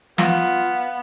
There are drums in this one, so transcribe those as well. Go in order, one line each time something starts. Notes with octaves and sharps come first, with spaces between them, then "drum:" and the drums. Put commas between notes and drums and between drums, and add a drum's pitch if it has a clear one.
B3 F4, drum: snare